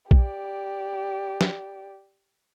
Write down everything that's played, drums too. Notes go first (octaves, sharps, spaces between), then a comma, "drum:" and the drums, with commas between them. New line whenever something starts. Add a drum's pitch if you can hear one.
G4 D5, drum: kick A#1
drum: snare